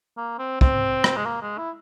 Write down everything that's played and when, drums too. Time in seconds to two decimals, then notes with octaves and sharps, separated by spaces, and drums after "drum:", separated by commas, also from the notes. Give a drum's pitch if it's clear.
0.17 A#3
0.39 C4
0.61 C4, drum: kick
1.04 drum: rim click
1.16 G#3
1.25 A#3
1.42 G#3
1.58 E4